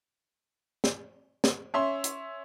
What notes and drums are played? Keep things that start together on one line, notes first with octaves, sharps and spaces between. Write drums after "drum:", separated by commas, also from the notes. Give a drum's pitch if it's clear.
drum: snare
drum: snare
C#4 E5 C6
drum: hi-hat